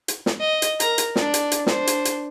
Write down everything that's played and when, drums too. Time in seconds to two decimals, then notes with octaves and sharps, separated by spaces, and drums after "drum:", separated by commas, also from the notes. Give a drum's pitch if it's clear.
0.08 drum: hi-hat
0.26 drum: snare
0.40 D#5
0.62 drum: hi-hat
0.80 A#4 A#5, drum: hi-hat
0.98 drum: hi-hat
1.16 D4 D5, drum: snare
1.34 drum: hi-hat
1.52 drum: hi-hat
1.67 D4 C5, drum: snare
1.87 drum: hi-hat
2.05 drum: hi-hat